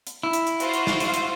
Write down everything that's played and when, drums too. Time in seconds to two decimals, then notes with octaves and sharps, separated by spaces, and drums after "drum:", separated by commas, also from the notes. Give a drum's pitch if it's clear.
0.07 drum: hi-hat
0.23 E4
0.33 drum: hi-hat
0.47 drum: hi-hat
0.60 F4 F#4 C5, drum: hi-hat
0.73 drum: hi-hat
0.87 drum: snare
1.00 drum: hi-hat
1.14 drum: hi-hat